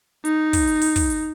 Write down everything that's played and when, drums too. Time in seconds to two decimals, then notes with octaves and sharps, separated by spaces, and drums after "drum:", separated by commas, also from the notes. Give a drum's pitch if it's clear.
0.25 D#4, drum: hi-hat
0.53 drum: kick, open hi-hat
0.67 drum: hi-hat
0.82 drum: open hi-hat
0.96 drum: kick, open hi-hat
1.10 drum: hi-hat